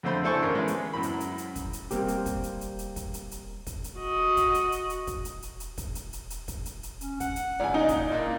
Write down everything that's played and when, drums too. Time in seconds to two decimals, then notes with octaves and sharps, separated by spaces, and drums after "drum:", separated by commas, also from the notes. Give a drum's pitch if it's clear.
0.03 F2 D3 A3 C5 B5
0.23 D4 E4 A4 C5 G#5 C#6
0.42 A1 A#4
0.55 G#3 B4
0.68 drum: hi-hat
0.93 F#2 A2 B5
1.03 drum: hi-hat
1.20 drum: hi-hat
1.38 drum: hi-hat
1.56 drum: kick, hi-hat
1.73 drum: hi-hat
1.91 G3 A#3 C4 G4, drum: hi-hat
2.08 drum: hi-hat
2.26 drum: kick, hi-hat
2.43 drum: hi-hat
2.61 drum: hi-hat
2.79 drum: hi-hat
2.96 drum: kick, hi-hat
3.14 drum: hi-hat
3.31 drum: hi-hat
3.67 drum: kick, hi-hat
3.84 drum: hi-hat
3.98 F#4 D#5
4.37 drum: kick, hi-hat
4.54 drum: hi-hat
4.72 drum: hi-hat
4.90 drum: hi-hat
5.07 drum: kick, hi-hat
5.25 drum: hi-hat
5.42 drum: hi-hat
5.60 drum: hi-hat
5.78 drum: kick, hi-hat
5.95 drum: hi-hat
6.13 drum: hi-hat
6.30 drum: hi-hat
6.48 drum: kick, hi-hat
6.65 drum: hi-hat
6.83 drum: hi-hat
7.01 C#4, drum: hi-hat
7.20 F#5, drum: kick, hi-hat
7.36 drum: hi-hat
7.60 C#2 D5 G#5 A#5
7.74 A#3 D#4
7.89 drum: kick, hi-hat
8.10 A#2 A#3 D4 E4